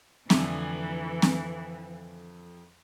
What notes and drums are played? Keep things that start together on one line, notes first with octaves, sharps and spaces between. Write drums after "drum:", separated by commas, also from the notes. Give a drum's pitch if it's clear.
F2 D3 E3 A3 A4 E5 G#5 D6, drum: snare C4
drum: snare C4